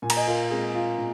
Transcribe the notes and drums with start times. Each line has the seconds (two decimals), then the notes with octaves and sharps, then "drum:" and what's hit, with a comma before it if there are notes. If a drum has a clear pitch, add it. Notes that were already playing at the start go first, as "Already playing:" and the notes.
0.02 A#2 G#5
0.10 A#5, drum: cymbal
0.16 D#5 G#5
0.27 F4 A#4
0.50 G#3 C4 G#4
0.75 F4
0.98 A#2